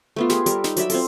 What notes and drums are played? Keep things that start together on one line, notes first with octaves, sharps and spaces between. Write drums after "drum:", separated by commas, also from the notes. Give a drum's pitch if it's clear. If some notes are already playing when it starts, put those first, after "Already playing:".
A3 B3 F4
G4 G#4, drum: snare
G3 A4 A#4, drum: hi-hat
D#4, drum: snare
F#3 D5 E5 B5, drum: hi-hat
C4 F4 A4, drum: open hi-hat